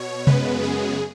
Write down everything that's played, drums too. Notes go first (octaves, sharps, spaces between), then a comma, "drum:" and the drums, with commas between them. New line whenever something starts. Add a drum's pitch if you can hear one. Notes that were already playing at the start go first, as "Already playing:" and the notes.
Already playing: B2 C#5
F#2 C#3 G#3 B3 B4, drum: tom C3
G#4